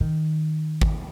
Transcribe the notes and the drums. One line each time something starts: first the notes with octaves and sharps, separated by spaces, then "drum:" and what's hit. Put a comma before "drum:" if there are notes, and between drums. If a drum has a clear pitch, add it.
D#3
drum: kick G#1